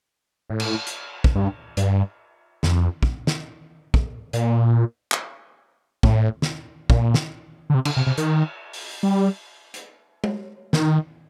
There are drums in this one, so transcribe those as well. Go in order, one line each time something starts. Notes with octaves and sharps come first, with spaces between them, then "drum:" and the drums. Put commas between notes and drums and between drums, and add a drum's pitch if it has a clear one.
A2
drum: cymbal
drum: hi-hat
drum: kick
G2
G2, drum: hi-hat
F2, drum: snare
drum: kick
drum: snare
drum: kick
A#2, drum: hi-hat
drum: clap
A2, drum: kick
drum: snare
A#2, drum: kick
drum: snare
D3
C3
D3, drum: cymbal
C3
C3
D#3, drum: hi-hat
drum: open hi-hat
G3
drum: hi-hat
drum: tom G#3
D#3, drum: snare